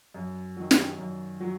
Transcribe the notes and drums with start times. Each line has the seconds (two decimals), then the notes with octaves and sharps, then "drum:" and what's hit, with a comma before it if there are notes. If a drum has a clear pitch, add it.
0.14 F#2
0.57 D#3 F#3
0.71 drum: snare
0.98 F#2
1.40 F#3